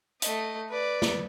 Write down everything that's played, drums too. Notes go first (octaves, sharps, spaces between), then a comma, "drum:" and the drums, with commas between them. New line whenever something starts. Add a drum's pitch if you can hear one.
A3 D#5, drum: hi-hat
B4 D5
drum: snare